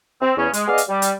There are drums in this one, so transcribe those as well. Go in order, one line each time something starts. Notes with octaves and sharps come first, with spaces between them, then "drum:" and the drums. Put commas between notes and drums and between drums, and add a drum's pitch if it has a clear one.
C4
E2 C#3 C#4
G#3, drum: hi-hat
B3 G#4 D5 D#5 F5
drum: hi-hat
G3
drum: hi-hat